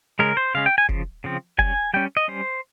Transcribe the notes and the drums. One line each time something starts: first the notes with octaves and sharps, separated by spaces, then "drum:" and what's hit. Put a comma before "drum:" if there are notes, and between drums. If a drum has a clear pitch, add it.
C#3 G#3 C#4 A#4
C5
C#3 G#3 C#4 F5
G5
G#5
C#3 F3, drum: kick F1
C#3 F3 C4
G3 C#4 G#5, drum: kick F1
G3 C#4 G5
D#5
G3 C#4 C5